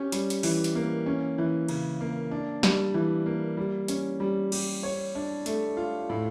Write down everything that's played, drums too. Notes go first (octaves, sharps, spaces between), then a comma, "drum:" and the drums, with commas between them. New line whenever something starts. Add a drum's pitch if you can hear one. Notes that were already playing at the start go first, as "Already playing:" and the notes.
Already playing: C#4 G4
G3, drum: hi-hat
drum: hi-hat
E3, drum: open hi-hat
drum: hi-hat
A#3
C#4
E3
C#3, drum: cymbal
A#3
D4
G3, drum: snare
E3
A#3
G3
C#4, drum: hi-hat
G3
G4, drum: cymbal
C#5
D4
A3, drum: hi-hat
F4
A2